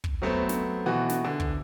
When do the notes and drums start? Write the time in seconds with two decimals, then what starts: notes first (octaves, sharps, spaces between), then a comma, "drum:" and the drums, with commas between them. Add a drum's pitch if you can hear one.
0.04 drum: kick
0.22 F#3 A3 B3 C4
0.49 drum: snare
0.86 B2 E3 F#4
1.09 drum: snare
1.25 D3
1.40 drum: kick